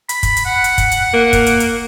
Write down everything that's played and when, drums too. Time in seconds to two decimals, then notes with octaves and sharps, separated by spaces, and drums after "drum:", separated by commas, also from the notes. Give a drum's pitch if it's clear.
0.09 B5, drum: hi-hat
0.23 drum: kick, hi-hat
0.37 drum: hi-hat
0.46 F#5
0.64 drum: hi-hat
0.78 drum: kick, hi-hat
0.92 drum: hi-hat
1.14 A#3
1.33 drum: kick, hi-hat
1.46 drum: hi-hat
1.60 drum: hi-hat